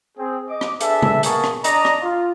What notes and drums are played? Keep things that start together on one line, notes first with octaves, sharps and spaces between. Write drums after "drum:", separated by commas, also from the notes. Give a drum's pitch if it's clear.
C4 G#4
D#5 D6
drum: rim click
D4 G#4 A4 B4 E5, drum: hi-hat
drum: tom C3
A#3 B3 G#4 A#4 A5 C#6, drum: hi-hat
drum: rim click
D4 D5 D#5 A#5, drum: hi-hat
drum: rim click
F4